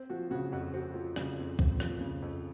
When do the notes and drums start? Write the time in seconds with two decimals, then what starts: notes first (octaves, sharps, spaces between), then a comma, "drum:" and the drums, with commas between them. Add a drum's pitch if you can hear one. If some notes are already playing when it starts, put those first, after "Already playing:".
Already playing: C4
0.10 F3 F#4
0.31 C#3 F#4
0.52 F2 F#4
0.73 C4 F#4
0.95 F3
1.16 C#3, drum: rim click
1.37 F2
1.59 C4, drum: kick
1.80 F3, drum: rim click
2.01 C#3
2.22 F2